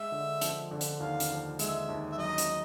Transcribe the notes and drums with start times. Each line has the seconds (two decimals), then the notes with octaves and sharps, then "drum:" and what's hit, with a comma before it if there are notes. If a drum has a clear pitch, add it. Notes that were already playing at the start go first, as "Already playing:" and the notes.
Already playing: G#3 E5
0.12 D3
0.41 F3, drum: hi-hat
0.71 D3
0.81 drum: hi-hat
1.00 D#2 F5
1.20 drum: hi-hat
1.30 F3
1.59 G#3 E5, drum: hi-hat
1.89 D#2
2.12 E5
2.18 F#3 D#5
2.38 drum: hi-hat